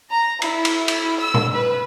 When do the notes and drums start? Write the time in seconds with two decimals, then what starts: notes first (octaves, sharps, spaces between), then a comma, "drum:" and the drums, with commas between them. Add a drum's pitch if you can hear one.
0.11 A#5
0.42 E4, drum: cymbal
0.65 drum: cymbal
0.88 drum: cymbal
1.19 E6
1.34 drum: tom B2
1.53 B4